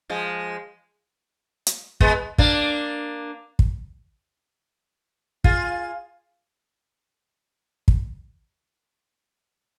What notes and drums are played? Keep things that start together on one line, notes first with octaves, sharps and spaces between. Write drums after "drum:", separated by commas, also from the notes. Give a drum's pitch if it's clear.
F3 G#3
drum: hi-hat
G#3 B3, drum: kick
A#3 D4, drum: kick
drum: kick
F4 G#4, drum: kick
drum: kick